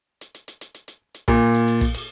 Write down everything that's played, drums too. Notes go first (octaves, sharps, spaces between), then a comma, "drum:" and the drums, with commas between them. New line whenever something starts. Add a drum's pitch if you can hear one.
drum: hi-hat
drum: hi-hat
drum: hi-hat
drum: hi-hat
drum: hi-hat
drum: hi-hat
drum: hi-hat
A#2, drum: kick
drum: hi-hat
drum: hi-hat
drum: kick, open hi-hat
drum: open hi-hat